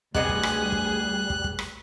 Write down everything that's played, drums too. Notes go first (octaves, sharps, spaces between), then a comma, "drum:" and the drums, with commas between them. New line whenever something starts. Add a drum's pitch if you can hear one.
D2 C3 G3 G#3 B3 G#4 F#6, drum: kick
drum: kick
drum: rim click
drum: kick
drum: kick
drum: kick
drum: rim click